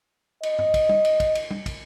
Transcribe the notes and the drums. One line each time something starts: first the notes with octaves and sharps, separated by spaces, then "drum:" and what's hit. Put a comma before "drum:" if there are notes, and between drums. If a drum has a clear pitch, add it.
D#5, drum: cymbal
drum: tom
drum: kick, cymbal
drum: tom
drum: cymbal
drum: kick, cymbal
drum: cymbal
drum: tom
drum: kick, cymbal